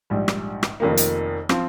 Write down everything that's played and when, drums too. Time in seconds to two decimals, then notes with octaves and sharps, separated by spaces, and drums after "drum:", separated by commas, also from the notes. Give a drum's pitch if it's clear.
0.10 A#1 G#2 G3
0.28 drum: rim click
0.63 drum: rim click
0.80 F1 F2 D#3 A#3
0.97 drum: hi-hat
1.49 F3 C4 F4, drum: rim click